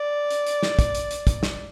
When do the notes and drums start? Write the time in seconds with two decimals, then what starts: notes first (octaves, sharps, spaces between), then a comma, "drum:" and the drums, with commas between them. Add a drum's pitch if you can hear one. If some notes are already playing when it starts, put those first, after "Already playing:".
Already playing: D5
0.31 drum: hi-hat
0.47 drum: hi-hat
0.63 drum: snare
0.79 drum: kick, hi-hat
0.95 drum: hi-hat
1.11 drum: hi-hat
1.27 drum: kick, hi-hat
1.43 drum: snare